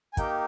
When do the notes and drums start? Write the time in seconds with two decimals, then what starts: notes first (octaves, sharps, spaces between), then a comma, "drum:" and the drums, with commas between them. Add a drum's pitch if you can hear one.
0.13 G#5
0.17 A#3 D#4 G4 G5, drum: kick, hi-hat